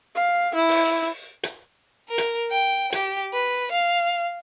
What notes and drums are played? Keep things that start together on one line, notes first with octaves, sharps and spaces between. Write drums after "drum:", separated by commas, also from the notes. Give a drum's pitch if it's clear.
F5
E4
drum: open hi-hat
drum: hi-hat
A#4
drum: hi-hat
G5
G4, drum: hi-hat
B4
F5